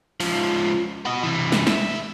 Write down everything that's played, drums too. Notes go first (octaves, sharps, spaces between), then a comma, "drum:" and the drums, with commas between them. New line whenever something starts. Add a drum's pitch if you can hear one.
C#2 F3, drum: open hi-hat
B3 D#5
C3 E3
drum: snare
G#2 E5, drum: snare